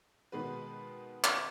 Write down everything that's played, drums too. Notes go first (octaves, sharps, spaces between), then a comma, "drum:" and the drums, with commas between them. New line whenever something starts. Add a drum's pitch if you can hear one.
B2 D#3 G#3 B3 B4
drum: clap